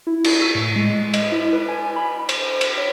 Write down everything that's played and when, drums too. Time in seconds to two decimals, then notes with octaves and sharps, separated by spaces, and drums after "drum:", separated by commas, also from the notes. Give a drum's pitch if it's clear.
0.07 E4
0.24 drum: cymbal
0.42 E6
0.55 A2
0.76 G#3
1.14 D#5, drum: cymbal
1.32 E4
1.53 B4
1.69 G#5
1.96 B5
2.29 C5, drum: cymbal
2.61 drum: cymbal
2.77 C#5